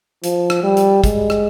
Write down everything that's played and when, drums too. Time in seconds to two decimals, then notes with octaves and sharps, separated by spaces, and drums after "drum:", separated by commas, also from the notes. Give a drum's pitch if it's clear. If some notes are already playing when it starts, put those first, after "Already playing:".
0.23 F3, drum: hi-hat
0.50 drum: rim click
0.63 G3
0.77 drum: hi-hat
1.04 G#3, drum: kick, hi-hat
1.30 drum: rim click